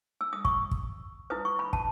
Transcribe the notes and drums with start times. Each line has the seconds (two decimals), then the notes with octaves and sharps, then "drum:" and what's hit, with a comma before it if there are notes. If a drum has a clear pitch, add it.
0.21 E6
0.33 D#6
0.45 C#6, drum: kick
0.71 drum: kick
1.30 E4 B4 D#6
1.45 C#6
1.59 B5
1.73 A5, drum: kick